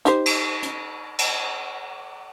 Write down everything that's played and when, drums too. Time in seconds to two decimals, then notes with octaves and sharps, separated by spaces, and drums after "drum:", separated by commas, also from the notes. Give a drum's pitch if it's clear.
0.05 D#4 G4 C5, drum: hi-hat
0.26 drum: cymbal
0.63 drum: hi-hat
1.19 drum: cymbal